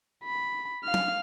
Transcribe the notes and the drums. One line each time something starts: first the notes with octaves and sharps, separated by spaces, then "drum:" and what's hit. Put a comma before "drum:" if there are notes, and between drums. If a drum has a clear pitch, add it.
B5
F5 F6
drum: tom